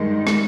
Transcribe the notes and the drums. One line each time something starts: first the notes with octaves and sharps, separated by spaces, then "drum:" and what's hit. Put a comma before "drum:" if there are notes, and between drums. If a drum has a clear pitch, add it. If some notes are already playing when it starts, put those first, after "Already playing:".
Already playing: G2 D#3 G#3
drum: rim click